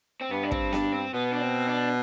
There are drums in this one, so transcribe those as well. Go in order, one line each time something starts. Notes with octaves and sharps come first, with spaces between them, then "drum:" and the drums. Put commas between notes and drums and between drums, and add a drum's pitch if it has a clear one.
C4
G2 B3
D4
C4, drum: kick
D4, drum: snare B3
C4
B2 B3
D4
C4
D4